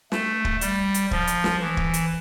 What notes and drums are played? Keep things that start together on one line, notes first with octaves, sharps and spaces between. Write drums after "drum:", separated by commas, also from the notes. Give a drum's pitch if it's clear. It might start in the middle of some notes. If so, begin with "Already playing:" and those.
A3, drum: snare
drum: kick
G3, drum: hi-hat
drum: hi-hat
F3, drum: kick
drum: hi-hat
drum: snare
E3
drum: kick
drum: hi-hat